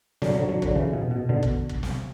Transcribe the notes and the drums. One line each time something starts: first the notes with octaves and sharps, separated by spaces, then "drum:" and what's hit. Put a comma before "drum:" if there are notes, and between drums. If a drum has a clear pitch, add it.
D3 F#3, drum: snare
D3 F#3
D3 F#3
D3 F#3, drum: kick
C#3 E3
B2
B2
B2 D3
drum: kick
drum: kick
drum: snare